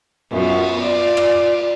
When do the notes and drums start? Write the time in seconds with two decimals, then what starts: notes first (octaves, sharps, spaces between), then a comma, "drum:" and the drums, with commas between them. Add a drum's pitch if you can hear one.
0.31 F#2 B3 F4, drum: cymbal
0.81 F4 D5
1.17 drum: rim click